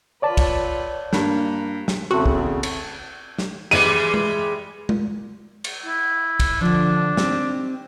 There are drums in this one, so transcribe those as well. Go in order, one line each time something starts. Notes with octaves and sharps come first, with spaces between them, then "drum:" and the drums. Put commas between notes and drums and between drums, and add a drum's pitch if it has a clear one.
F4 B4 C#5 D5 A5
drum: kick, cymbal
G2 A#3, drum: snare
drum: snare
E2 C#3 A3 C4 F#4
drum: kick
drum: cymbal
drum: snare
E3 G3 G#3 D#7
drum: tom G#3
drum: tom G#3
drum: cymbal
E4
drum: kick, cymbal
D3 F3 D4
C4 D#4 G4, drum: snare